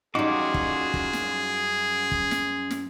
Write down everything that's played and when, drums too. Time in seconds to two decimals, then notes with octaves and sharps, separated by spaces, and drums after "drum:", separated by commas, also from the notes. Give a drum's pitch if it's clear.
0.15 F#2 G3 D#4 F4 F#4 G#4 D6
0.54 drum: kick
0.94 drum: kick
1.13 drum: snare
2.12 drum: kick
2.31 drum: snare
2.71 drum: snare